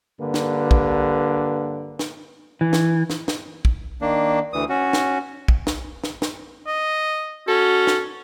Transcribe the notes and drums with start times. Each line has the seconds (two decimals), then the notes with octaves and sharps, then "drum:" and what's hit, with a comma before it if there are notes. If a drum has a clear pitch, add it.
0.20 G2 D3 A#3 G4 B4
0.34 drum: snare
0.71 drum: kick
1.99 drum: snare
2.61 E3
2.73 drum: snare
3.10 drum: snare
3.28 drum: snare
3.65 drum: kick
4.01 D#3 A#3 D4
4.53 D2 E3 D#6
4.69 C#4 F#4
4.93 drum: snare
5.48 drum: kick
5.67 drum: snare
6.04 drum: snare
6.22 drum: snare
6.67 D#5
7.48 C#4 F#4 A4
7.87 drum: snare